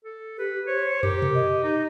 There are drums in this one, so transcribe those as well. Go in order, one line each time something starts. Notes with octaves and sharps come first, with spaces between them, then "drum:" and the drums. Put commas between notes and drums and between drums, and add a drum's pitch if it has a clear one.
A4
G4 B4
C5 C#5
G4 A#4, drum: tom
drum: tom B2
D#5
D#4